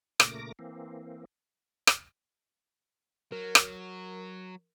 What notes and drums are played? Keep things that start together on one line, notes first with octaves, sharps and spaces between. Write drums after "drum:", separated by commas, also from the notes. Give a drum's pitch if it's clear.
A#2 C#3 A3 A#4 D6 A#6, drum: rim click
E3 A#3 C4
drum: rim click
F#3 A#4
drum: rim click